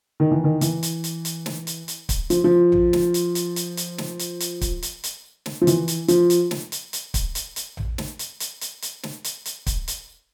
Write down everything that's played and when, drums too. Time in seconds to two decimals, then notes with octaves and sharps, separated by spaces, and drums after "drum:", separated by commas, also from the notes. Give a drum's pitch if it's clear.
0.20 D#3
0.31 E3
0.44 D#3
0.61 E3, drum: hi-hat
0.83 drum: hi-hat
1.04 drum: hi-hat
1.25 drum: hi-hat
1.46 drum: snare
1.67 drum: hi-hat
1.88 drum: hi-hat
2.09 drum: kick, hi-hat
2.30 F3, drum: hi-hat
2.44 F3
2.72 drum: tom A1
2.93 drum: snare
3.14 drum: hi-hat
3.35 drum: hi-hat
3.56 drum: hi-hat
3.77 drum: hi-hat
3.98 drum: snare
4.19 drum: hi-hat
4.40 drum: hi-hat
4.61 drum: kick, hi-hat
4.82 drum: hi-hat
5.04 drum: hi-hat
5.46 drum: snare
5.61 F3
5.67 E3, drum: hi-hat
5.88 drum: hi-hat
6.08 F3, drum: hi-hat
6.30 drum: hi-hat
6.51 drum: snare
6.72 drum: hi-hat
6.93 drum: hi-hat
7.14 drum: kick, hi-hat
7.35 drum: hi-hat
7.56 drum: hi-hat
7.77 drum: tom A1
7.98 drum: snare
8.19 drum: hi-hat
8.40 drum: hi-hat
8.61 drum: hi-hat
8.82 drum: hi-hat
9.03 drum: snare
9.24 drum: hi-hat
9.45 drum: hi-hat
9.67 drum: kick, hi-hat
9.88 drum: hi-hat